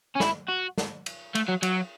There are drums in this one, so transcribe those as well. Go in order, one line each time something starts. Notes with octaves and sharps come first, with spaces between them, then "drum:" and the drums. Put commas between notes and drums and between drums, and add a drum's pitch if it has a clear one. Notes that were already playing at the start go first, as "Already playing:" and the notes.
C#4
E4, drum: snare
F#4
drum: snare
drum: cymbal
A3, drum: cymbal
F#3
F#3, drum: cymbal